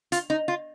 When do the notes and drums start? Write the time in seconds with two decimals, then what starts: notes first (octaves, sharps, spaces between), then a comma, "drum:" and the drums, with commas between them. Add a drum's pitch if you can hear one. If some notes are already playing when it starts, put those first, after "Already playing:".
0.12 F4, drum: hi-hat
0.30 D#4
0.48 F4